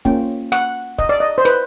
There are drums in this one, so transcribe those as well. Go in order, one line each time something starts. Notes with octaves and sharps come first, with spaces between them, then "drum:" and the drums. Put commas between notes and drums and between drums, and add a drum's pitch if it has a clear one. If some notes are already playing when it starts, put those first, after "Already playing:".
A#3 C#4 F4 G5, drum: kick
F#5, drum: rim click
D#5, drum: kick
D5
D#5
C5
B4, drum: rim click